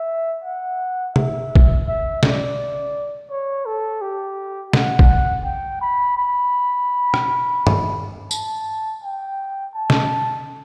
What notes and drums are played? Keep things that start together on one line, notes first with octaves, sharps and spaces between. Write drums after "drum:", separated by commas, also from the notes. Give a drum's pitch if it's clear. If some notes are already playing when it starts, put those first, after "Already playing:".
Already playing: E5
F#5
E5, drum: tom
drum: kick A1
E5
D5, drum: snare
C#5
A4
G4
F#5, drum: snare
drum: kick A1
G5
B5
B5
drum: rim click
drum: tom G2
A5, drum: tambourine
G5
A5
drum: snare